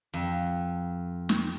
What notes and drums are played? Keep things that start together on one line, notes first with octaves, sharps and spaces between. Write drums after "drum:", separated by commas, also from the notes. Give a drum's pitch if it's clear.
F2
drum: snare